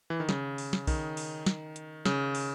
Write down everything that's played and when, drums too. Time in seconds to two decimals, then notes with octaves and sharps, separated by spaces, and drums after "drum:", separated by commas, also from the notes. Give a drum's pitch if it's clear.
0.10 E3
0.20 D#3
0.29 C#3, drum: snare
0.58 drum: open hi-hat
0.73 drum: snare
0.87 D#3, drum: kick B1, open hi-hat
1.17 drum: open hi-hat
1.46 drum: snare
1.76 drum: hi-hat
2.05 C#3, drum: snare
2.35 drum: open hi-hat